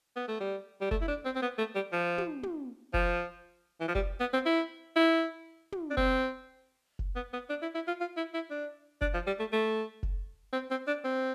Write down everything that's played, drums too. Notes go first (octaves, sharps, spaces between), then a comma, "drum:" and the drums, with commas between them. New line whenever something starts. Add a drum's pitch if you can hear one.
B3
A3
G3
G3
A3, drum: kick F1
E4
D4
C4
C4
B3
A3
G3
F3
drum: tom
drum: tom
F3, drum: kick F1
E3
F3
G3, drum: kick F1
B3
C4
E4
E4
drum: tom
D4
C4, drum: kick F1
drum: kick F1
B3
B3
D4
E4
E4
F4
F4
E4
E4
D4
D4, drum: kick F1
F3
G3
A3
A3
drum: kick F1
C4
C4
D4
C4